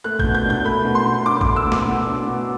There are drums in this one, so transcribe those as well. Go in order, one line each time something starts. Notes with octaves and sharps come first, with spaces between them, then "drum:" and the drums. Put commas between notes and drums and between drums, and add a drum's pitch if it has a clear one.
A3 F#6
G6, drum: kick
B2
G6
D4 G6
A3 B5
B2
C6
B2
D4 D6
D6, drum: kick
A3
E6
B2
D6, drum: snare
B2
D4
B2